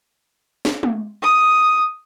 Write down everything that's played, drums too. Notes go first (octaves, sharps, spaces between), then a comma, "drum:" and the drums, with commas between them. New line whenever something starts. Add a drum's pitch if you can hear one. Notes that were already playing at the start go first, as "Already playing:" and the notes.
drum: snare
drum: tom
D#6